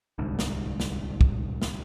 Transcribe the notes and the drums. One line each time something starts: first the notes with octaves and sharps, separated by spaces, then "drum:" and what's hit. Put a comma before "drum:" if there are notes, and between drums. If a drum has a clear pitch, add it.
D1 C2 G#2 D3
drum: snare
drum: snare
drum: kick
drum: snare